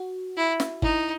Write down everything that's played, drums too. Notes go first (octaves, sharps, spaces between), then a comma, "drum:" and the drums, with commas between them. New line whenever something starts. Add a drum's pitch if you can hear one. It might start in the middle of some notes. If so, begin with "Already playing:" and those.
Already playing: F#4
E4
drum: snare
D#4 E4, drum: kick